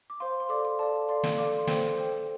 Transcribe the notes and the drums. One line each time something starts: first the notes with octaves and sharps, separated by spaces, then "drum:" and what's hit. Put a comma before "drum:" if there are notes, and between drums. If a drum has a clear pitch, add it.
D6
C5 F5 C6
C6
A4 D5 F5 D6
C6
A4 D5 F5 A5
A4 D5 F5 C6
drum: snare
A4 D5 F5 D6
C6
A4 C5 G5, drum: snare
A4 C5 G5